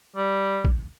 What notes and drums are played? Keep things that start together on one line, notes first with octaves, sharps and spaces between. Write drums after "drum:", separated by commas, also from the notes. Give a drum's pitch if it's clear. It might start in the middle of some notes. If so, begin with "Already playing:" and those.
G3
drum: kick